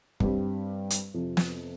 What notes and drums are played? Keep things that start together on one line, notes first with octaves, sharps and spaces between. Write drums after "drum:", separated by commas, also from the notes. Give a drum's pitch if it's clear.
G2 G3 C4 G4, drum: kick
drum: hi-hat
F2 C3 F3
drum: snare